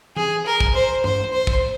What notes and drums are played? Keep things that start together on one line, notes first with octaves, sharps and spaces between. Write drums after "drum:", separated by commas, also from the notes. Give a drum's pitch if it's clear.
G#4, drum: tom E3
A#4
drum: kick
C5
C5, drum: tom G2
C5
drum: kick